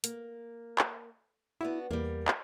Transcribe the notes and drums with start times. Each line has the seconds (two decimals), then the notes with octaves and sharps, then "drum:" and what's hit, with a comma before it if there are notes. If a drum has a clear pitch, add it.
0.04 A#3, drum: hi-hat
0.78 drum: clap
1.61 B3 D4 E4 F#4
1.91 E2 G3 A#3
2.28 drum: clap